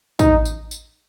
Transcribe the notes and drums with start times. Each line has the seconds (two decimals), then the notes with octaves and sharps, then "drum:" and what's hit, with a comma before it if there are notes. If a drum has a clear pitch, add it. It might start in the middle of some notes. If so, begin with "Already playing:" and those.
0.19 D#4, drum: kick, tambourine
0.45 drum: tambourine
0.71 drum: tambourine